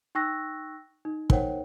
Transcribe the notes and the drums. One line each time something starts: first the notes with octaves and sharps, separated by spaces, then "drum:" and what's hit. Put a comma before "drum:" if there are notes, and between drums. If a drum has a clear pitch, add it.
D#4 G5 C#6 E6 F#6 A#6
D#4
D#4 A#4 C5 C#5 F#5 G5, drum: kick